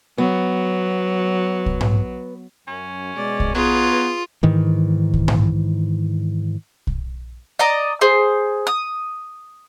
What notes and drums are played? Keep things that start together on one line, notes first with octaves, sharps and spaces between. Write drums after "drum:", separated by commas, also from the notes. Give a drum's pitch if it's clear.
F#3 B3
drum: kick B1
drum: tom G#2
F#2 C#4
B2 G#3 D5
drum: kick B1
F#3 B3 F4 G#4 B4
G#2 D#3 E3
drum: kick B1
drum: tom G#2
drum: kick B1
D5 D#5 A#5
G#4 C5
D#6